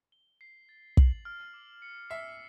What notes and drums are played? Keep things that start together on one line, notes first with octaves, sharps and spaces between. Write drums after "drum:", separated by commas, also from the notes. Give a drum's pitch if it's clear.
G7
C7
A6
F#7, drum: kick
F6
D6
C#7
E5 C7